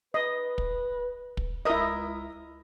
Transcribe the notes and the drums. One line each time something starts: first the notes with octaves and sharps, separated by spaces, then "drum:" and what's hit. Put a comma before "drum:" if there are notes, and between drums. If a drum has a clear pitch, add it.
B4 D#5
drum: kick
drum: kick
C#2 E4 A#4 D#5 E5 D#6